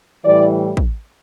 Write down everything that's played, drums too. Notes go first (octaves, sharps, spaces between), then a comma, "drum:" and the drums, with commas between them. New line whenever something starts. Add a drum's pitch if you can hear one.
A2 E3 G3 D5
drum: kick